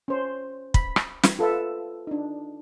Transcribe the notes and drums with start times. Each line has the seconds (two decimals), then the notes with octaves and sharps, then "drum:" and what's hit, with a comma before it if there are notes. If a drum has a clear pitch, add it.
0.08 C#4 C5
0.74 B5, drum: kick
0.96 drum: rim click
1.23 drum: snare
1.39 F4 A4 B4 E5
2.07 D4 D#4